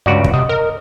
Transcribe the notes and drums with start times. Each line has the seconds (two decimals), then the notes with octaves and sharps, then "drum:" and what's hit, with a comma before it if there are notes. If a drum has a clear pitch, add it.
0.06 C#2 G2 F#4 D5
0.24 drum: kick
0.34 C3 D#5
0.49 A#4